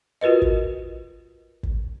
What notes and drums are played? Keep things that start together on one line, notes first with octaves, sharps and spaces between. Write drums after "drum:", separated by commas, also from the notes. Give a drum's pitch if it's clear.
F4 F#4 A#4 B4 D#5
drum: kick
drum: kick